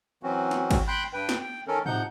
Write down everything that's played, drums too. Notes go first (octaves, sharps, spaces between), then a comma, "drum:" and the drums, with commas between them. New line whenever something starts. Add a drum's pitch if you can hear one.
E3 F#3 C4 C#4 F#4
drum: snare
drum: kick G#1, cymbal
G5 B5 C6 F#6 G6
G2 B4 G5
drum: snare
G5
D#3 C#4 A4 A#4
C3 F3 D#4 F#5 G6, drum: tom G#2